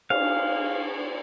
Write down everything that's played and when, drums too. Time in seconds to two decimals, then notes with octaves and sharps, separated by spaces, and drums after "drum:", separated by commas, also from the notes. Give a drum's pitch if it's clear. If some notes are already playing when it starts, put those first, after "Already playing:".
0.10 F5, drum: cymbal